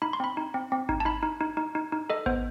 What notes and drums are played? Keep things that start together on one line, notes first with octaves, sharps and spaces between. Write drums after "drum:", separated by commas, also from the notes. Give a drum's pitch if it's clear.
D#4 B5
C6
C4 B5
D#4
C4
C4
D#4, drum: kick G#1
A5
D#4 B5
D#4
D#4
D#4
D#4
D#4
A4 D#5
B3 C5, drum: kick G#1